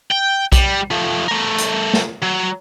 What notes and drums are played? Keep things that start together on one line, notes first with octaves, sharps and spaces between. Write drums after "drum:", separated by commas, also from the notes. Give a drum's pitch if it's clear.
G5
G3, drum: kick B1, hi-hat
F3 A3
A3 A#4
drum: hi-hat
drum: snare
F#3